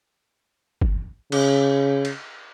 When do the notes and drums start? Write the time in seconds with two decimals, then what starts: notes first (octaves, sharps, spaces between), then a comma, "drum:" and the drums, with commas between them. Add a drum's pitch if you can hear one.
0.81 drum: kick
1.32 C#3, drum: cymbal
2.05 drum: cymbal